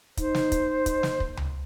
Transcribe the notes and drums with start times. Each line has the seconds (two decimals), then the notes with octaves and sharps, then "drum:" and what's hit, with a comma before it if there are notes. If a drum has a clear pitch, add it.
0.17 D#4 C5, drum: kick, hi-hat
0.35 drum: snare
0.52 drum: kick, hi-hat
0.86 drum: kick, hi-hat
1.03 drum: snare
1.20 drum: kick
1.37 drum: tom C#2